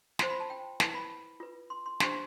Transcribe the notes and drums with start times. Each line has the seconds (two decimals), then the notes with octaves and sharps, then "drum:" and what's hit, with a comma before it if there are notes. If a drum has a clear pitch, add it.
0.19 F4 C5 C6, drum: snare
0.30 B5
0.40 A5
0.50 G5
0.80 E4 B4 A5, drum: snare
0.95 B5
1.40 F4 B4
1.70 C6
1.86 C6
2.00 D4 G4 C5 C6, drum: snare